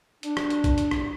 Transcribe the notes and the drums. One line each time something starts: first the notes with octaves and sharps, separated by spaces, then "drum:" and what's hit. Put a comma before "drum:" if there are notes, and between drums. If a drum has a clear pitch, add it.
D4, drum: hi-hat
drum: rim click
drum: hi-hat
drum: kick, hi-hat
drum: hi-hat
drum: rim click